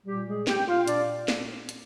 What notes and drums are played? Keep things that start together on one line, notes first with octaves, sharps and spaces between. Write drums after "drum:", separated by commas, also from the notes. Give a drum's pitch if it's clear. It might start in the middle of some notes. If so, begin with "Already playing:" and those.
A#2 G3 G4
G#3 G#4
A#2 G4 G5, drum: snare
F4 F5
A#2 D4 D5, drum: hi-hat
drum: snare
drum: hi-hat